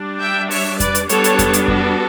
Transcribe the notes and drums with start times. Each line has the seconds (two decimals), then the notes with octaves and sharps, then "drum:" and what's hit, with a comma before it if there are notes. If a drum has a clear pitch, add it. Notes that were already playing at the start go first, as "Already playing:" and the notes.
Already playing: G3 D4
0.21 E5 G5
0.51 C#5 E5, drum: open hi-hat
0.80 B4 D5, drum: kick F2, hi-hat
0.95 drum: hi-hat
1.09 G3 B3 D4 A4 C#5, drum: hi-hat
1.24 drum: hi-hat
1.39 drum: kick F2, hi-hat
1.53 drum: hi-hat
1.68 F#4 A4, drum: kick F2